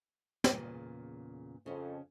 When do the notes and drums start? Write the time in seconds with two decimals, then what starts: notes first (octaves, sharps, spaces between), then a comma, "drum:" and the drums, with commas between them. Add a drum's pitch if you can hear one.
0.44 E2 A#2 C#3, drum: snare
1.66 F2 C#3 C#4